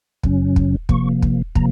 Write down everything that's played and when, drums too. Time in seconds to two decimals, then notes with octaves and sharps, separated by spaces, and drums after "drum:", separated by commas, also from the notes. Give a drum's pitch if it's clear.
0.23 F#2 C#3 F#3 C#4, drum: kick
0.56 drum: kick
0.89 C3 F3 A#3 C#6, drum: kick
1.22 drum: kick
1.55 C3 F3 A#3 A#5, drum: kick